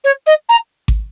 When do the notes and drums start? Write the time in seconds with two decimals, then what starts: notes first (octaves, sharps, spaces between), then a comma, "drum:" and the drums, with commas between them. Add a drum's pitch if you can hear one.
0.04 C#5
0.26 D#5
0.49 A#5
0.88 drum: kick G#1